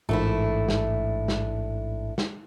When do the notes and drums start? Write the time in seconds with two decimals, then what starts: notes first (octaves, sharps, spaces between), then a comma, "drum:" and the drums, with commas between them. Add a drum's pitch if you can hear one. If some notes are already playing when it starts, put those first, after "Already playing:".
0.09 A1 G#2 A3 D4 E4
0.69 drum: snare
1.28 drum: snare
2.18 drum: snare